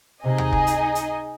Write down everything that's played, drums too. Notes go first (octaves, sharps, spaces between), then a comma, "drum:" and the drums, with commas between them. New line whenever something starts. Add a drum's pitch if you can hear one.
C3 D#4 G#4 D#5 G#5
drum: tom D2
drum: kick F1
drum: hi-hat
drum: hi-hat